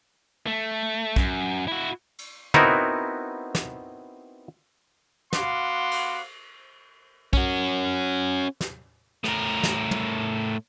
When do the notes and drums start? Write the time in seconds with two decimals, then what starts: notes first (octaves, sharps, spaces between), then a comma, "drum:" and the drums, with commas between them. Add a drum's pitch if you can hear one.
0.47 A3
1.16 F#2, drum: kick
1.68 E4 F#4
2.19 drum: cymbal
2.54 B3 C4 D#4 E4 F#4 A#4, drum: tom
3.55 drum: snare
5.33 B3 F#4 F5 C6 D6, drum: snare
5.91 drum: cymbal
7.33 C#4 F#4, drum: kick
8.61 drum: snare
9.24 A2 A#4, drum: rim click
9.63 drum: snare
9.91 drum: tom